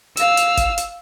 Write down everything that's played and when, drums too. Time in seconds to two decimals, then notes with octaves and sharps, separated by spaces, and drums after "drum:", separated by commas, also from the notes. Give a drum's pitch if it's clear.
0.17 F5 E6, drum: hi-hat
0.37 drum: hi-hat
0.57 drum: kick, hi-hat
0.78 drum: hi-hat